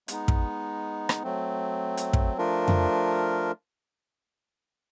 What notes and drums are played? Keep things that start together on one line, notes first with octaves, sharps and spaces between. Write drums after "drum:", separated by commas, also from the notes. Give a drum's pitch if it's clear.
G#3 B3 D#4, drum: hi-hat
drum: kick
drum: rim click
F#3 A3 C4
drum: hi-hat
drum: kick
F3 A3 D4 F4 A#4
drum: tom F2